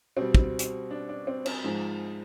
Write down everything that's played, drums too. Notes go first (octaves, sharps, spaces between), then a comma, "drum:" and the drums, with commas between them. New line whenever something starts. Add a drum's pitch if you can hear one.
B2 G3 C4
drum: kick
drum: hi-hat
D4
D4
C4
C4, drum: cymbal
G#2 F3 G#3